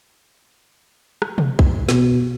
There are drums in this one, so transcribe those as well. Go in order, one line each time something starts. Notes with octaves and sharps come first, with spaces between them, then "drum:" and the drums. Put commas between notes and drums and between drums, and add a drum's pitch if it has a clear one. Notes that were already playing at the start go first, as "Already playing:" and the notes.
drum: rim click
drum: tom
drum: kick
B2, drum: snare